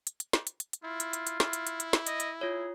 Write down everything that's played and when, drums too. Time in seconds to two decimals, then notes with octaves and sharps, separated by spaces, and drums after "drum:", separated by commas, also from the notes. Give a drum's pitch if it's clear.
0.07 drum: hi-hat
0.20 drum: hi-hat
0.33 drum: snare
0.47 drum: hi-hat
0.60 drum: hi-hat
0.73 drum: hi-hat
0.84 E4 F4
1.00 drum: hi-hat
1.13 drum: hi-hat
1.27 drum: hi-hat
1.40 E4, drum: snare
1.53 drum: hi-hat
1.67 drum: hi-hat
1.80 drum: hi-hat
1.93 drum: snare
2.07 D#5, drum: hi-hat
2.20 drum: hi-hat
2.41 F4 G#4 C#5